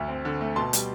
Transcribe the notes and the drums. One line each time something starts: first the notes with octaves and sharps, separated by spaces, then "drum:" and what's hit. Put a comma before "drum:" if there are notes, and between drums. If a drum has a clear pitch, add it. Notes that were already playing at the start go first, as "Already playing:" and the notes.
Already playing: D2 D3 A3
C4
D3
A3
B2 A5 C6
G3, drum: hi-hat